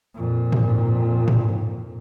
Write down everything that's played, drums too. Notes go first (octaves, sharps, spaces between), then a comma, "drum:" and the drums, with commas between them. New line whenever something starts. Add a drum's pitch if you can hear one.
F2 A#2
drum: tom G#2
drum: tom G#2